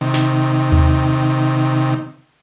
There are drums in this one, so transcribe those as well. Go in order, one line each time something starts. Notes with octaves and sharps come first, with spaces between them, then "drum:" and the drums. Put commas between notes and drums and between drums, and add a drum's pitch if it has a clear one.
C3 D#3
drum: snare
drum: tom D#2
drum: hi-hat